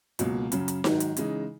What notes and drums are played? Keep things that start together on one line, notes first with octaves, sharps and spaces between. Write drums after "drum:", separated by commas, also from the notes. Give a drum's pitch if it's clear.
C#2 B2 F#3 A#3, drum: hi-hat
F#2 C#3 F#3, drum: hi-hat
drum: hi-hat
G#2 D#3 F#3, drum: snare D#4
drum: hi-hat
C#3 E3 G#3 D#4, drum: hi-hat